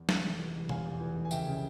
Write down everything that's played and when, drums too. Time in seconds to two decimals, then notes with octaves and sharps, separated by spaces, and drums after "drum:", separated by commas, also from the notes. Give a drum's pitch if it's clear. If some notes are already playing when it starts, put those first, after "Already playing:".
Already playing: E2
0.09 F1, drum: snare
0.24 E2
0.39 E3
0.55 F1
0.69 F1 F5 G#5, drum: tom
0.85 E2
1.00 E3
1.15 F1
1.25 G#5
1.31 C#2 E5 G5, drum: tambourine
1.47 C#3